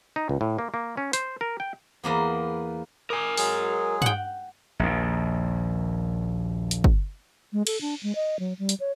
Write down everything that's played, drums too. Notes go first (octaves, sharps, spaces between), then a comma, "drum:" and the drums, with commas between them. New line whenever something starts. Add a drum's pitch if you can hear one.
D#4
C#2
A2
A#3
A#3
C#4
C5, drum: hi-hat
A#4
G5
E2 A#3 B3
A#4 G#5 D6 D#6
F#3 G#3 G#4, drum: open hi-hat
F#5 G5, drum: tom
A#1 D#2
drum: hi-hat
drum: kick
G#3
A4, drum: cymbal
D4
G#3
D#5
F#3
G3
drum: hi-hat
C#5